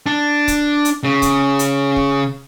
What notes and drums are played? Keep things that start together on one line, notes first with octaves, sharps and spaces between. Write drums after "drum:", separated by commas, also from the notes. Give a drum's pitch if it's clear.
D4
drum: kick C#1, hi-hat
drum: hi-hat
C#3
drum: kick C#1, hi-hat
drum: hi-hat
drum: kick C#1